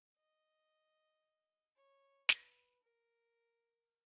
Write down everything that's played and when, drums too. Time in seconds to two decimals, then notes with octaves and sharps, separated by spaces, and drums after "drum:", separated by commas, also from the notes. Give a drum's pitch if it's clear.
0.17 D#5
1.76 C#5
2.29 B4, drum: snare
2.83 A#4